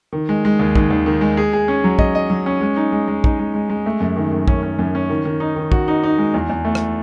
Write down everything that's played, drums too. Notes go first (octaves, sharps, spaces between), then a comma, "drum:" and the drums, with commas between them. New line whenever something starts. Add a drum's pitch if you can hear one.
D#3
G#3
G#3
D#2
D#2, drum: kick
D#2
D#3
G#3
G#4
G#4
C#4
F#3
D#5, drum: kick
D#5
F#3
C#4
G#3
D#4
G#3
G#3
D#4, drum: kick
G#3
G#3
G#3
A3
F#2
D#3
F#2
C#4, drum: kick
C#4
F#2
C#4
D#3
D#3
D#4
D#3
F#4, drum: kick
D#4
D#4
G#3
E2
E2
A3
drum: rim click